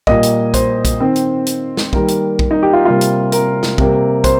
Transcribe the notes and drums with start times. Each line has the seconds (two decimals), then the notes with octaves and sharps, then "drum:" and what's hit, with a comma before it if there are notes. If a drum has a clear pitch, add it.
0.07 A#2 G3 A#3 D#5, drum: kick
0.23 drum: hi-hat
0.54 C5, drum: kick, hi-hat
0.85 drum: kick, hi-hat
1.00 D#3 C4
1.16 drum: hi-hat
1.46 drum: hi-hat
1.77 drum: snare
1.93 D#3 G3 A#3 A#4, drum: kick
2.08 drum: hi-hat
2.39 drum: kick
2.51 D#4
2.63 G4
2.73 F4
2.85 C3 G3 A#3 F4
3.01 drum: hi-hat
3.32 A#4, drum: hi-hat
3.63 drum: snare
3.78 C3 G3 A#3, drum: kick
4.24 C5, drum: kick, hi-hat